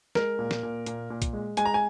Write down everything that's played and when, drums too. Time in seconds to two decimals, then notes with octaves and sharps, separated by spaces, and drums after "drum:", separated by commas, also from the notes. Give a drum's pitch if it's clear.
0.15 G#3 A#4, drum: snare
0.39 A#2
0.51 drum: snare
0.63 A#2
0.86 A#2, drum: hi-hat
1.10 A#2
1.22 drum: kick, hi-hat
1.33 G#3
1.57 G#3 G#5, drum: hi-hat
1.65 A#5
1.74 G#5